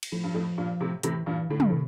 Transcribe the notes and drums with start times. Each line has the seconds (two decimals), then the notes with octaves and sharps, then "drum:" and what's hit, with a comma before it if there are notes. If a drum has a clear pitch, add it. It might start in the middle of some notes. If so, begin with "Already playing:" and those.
0.03 drum: cymbal
0.12 A2 F3
0.24 G2
0.34 F2 A2
0.58 G2 A#2
0.80 A2 C3
1.03 A2 C3 E3, drum: hi-hat
1.26 G2 A#2 E3
1.49 A2 D3
1.60 G2, drum: tom
1.70 A2
1.73 C3